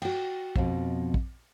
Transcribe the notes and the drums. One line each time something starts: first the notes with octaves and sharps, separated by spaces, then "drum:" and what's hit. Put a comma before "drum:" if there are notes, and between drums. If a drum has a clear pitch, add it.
F#4 G5, drum: cymbal
F2 B2, drum: kick
drum: kick